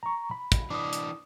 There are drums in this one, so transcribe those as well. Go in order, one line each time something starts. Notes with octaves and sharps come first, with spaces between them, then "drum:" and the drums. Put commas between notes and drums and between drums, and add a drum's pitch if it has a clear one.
A#5 C#6
B5
drum: kick, hi-hat
E3 D4 D6 D#6
drum: hi-hat